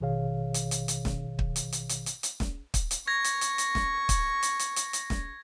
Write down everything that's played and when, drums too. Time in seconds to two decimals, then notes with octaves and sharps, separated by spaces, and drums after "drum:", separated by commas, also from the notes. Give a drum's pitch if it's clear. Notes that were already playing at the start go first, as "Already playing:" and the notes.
0.01 A1 B2 D#3 G#4 C#5 F5
0.54 drum: hi-hat
0.71 drum: hi-hat
0.88 drum: hi-hat
1.05 drum: snare
1.39 drum: kick
1.56 drum: hi-hat
1.72 drum: hi-hat
1.89 drum: hi-hat
2.06 drum: hi-hat
2.23 drum: hi-hat
2.40 drum: snare
2.74 drum: kick, hi-hat
2.91 drum: hi-hat
3.08 C#6 G#6 A#6
3.24 drum: hi-hat
3.41 drum: hi-hat
3.58 drum: hi-hat
3.75 drum: snare
4.09 drum: kick, hi-hat
4.43 drum: hi-hat
4.59 drum: hi-hat
4.76 drum: hi-hat
4.93 drum: hi-hat
5.10 drum: snare